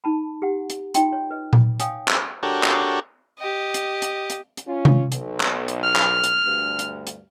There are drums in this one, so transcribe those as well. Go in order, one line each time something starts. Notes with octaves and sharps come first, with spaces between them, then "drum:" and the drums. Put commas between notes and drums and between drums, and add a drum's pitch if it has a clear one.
D#4 A5 B5
G4 F#5
drum: hi-hat
D#4 F4 D#5 G5 C6, drum: hi-hat
C#5
B4 D#5
drum: tom A#2
C#5 F5 G5 G#5 D#6, drum: hi-hat
drum: clap
D4 F#4 G4 A4 A#4 C#5
drum: clap
G4 D#5
drum: hi-hat
drum: hi-hat
drum: hi-hat
drum: hi-hat
C#4 F4
drum: tom C3
B1, drum: hi-hat
drum: clap
drum: hi-hat
F6
drum: clap
drum: hi-hat
D2 G2
drum: hi-hat
drum: hi-hat